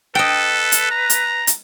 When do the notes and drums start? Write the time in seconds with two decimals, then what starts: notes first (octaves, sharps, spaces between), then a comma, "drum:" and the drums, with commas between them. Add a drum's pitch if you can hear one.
0.15 A4 B4 D#5 G5
0.72 drum: hi-hat
0.91 A#5
1.10 drum: hi-hat
1.47 drum: hi-hat